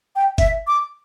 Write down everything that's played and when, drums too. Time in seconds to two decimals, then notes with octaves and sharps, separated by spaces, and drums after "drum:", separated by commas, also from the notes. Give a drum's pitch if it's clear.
0.16 G5
0.38 E5, drum: kick G1, hi-hat
0.67 D6